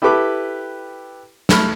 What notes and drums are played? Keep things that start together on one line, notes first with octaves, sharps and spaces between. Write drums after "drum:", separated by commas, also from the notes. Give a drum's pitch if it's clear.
E4 G4 A4 B4 D6
A3 B5 F6, drum: snare